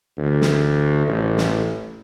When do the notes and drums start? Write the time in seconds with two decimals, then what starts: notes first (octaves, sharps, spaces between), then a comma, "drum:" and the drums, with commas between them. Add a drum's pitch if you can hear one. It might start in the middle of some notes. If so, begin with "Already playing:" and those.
0.17 D2
0.41 drum: snare
1.07 A1
1.37 drum: snare